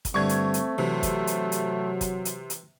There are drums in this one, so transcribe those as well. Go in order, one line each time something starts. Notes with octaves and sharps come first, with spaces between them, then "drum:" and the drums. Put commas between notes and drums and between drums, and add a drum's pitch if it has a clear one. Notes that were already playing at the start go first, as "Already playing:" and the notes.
drum: kick, hi-hat
G2 D3 A3 C4 C#6 G#6
drum: hi-hat
drum: hi-hat
C3 E3 F#3
drum: kick, hi-hat
drum: hi-hat
drum: hi-hat
drum: kick, hi-hat
drum: hi-hat
drum: hi-hat